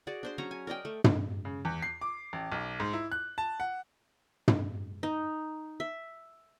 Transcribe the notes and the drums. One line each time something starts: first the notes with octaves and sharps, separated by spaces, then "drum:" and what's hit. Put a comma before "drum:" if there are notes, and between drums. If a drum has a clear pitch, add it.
F#4 G#4 D5
D4 C5 C6
F#3 C#4 C#5 A#5
G#5
A#4 D5 D#5 G5
A3
drum: tom
C#3
E2
C7
D6
A1
B1
G#2
E4
F#6
A5
F#5
drum: tom
D#4
E5